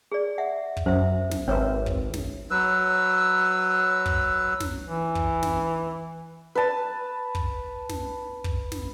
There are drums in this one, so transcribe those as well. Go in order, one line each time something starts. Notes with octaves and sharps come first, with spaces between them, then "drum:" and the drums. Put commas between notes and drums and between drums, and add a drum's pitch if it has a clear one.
G#4 D5
E5 F#5
drum: kick
F#2 C5 E5
drum: snare
G#1 C4 B4 C#5 E5
drum: kick
drum: snare
F#3 B4 E6
drum: kick
drum: snare
E3
drum: kick
drum: snare
B4 A5
drum: kick
drum: snare
drum: kick
drum: snare